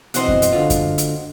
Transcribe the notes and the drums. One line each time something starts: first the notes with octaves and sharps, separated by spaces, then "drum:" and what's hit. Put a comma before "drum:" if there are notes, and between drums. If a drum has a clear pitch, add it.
B2 E3 C4 F#4 C5 D#5, drum: hi-hat
drum: kick F#2
drum: hi-hat
D2 D3 F4
drum: kick F#2, hi-hat
drum: hi-hat